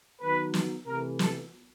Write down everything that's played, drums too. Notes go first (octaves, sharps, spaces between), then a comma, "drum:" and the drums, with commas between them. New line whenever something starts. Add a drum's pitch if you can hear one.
D#3 F#3 B3 B4
drum: snare
C3 E3 A3 A#4
A4, drum: snare